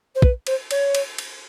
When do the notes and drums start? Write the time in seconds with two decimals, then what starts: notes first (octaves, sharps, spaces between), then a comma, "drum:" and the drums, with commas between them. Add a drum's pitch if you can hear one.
0.15 C5
0.22 B4, drum: kick
0.47 C5, drum: cymbal
0.71 C#5, drum: cymbal
0.95 drum: cymbal
1.18 drum: cymbal